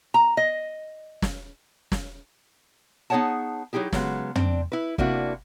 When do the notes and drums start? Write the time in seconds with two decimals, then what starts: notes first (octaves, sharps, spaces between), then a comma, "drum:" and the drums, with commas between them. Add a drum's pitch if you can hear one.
0.14 A#5
0.37 D#5
1.22 drum: snare
1.92 drum: snare
3.10 B3 D#4 G#4 C#5 F#5 A5
3.73 F#3 D#4 E4 G4 G#4
3.92 C#3 F#3 G#3 B3, drum: snare
4.35 C4 D4, drum: tom
4.72 E4 B4
4.98 C3 A#3 D4 E4 F#4, drum: kick